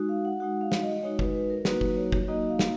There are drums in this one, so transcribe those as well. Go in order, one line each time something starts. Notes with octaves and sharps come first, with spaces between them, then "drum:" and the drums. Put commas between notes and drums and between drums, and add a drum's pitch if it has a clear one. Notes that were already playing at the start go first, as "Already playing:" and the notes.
Already playing: G#3 D#4 F#4
F5
F#5
G#3 D#4 F#4 F#5
F5
drum: snare
D#5
G#3 D#4 F#4 C#5
B4, drum: kick
B4
A#4
F#3 A#3 D#4 F#4 B4, drum: snare
drum: kick
C#5
drum: kick
F#3 A#3 D#4 F#4 D#5
F5
drum: snare